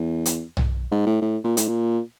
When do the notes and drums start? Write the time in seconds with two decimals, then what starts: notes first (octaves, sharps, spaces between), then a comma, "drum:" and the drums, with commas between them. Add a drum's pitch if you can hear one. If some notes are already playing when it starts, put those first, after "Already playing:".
Already playing: E2
0.26 drum: hi-hat
0.57 drum: tom
0.91 G#2
1.06 A2
1.22 A2
1.44 A#2
1.57 A2, drum: hi-hat
1.68 A#2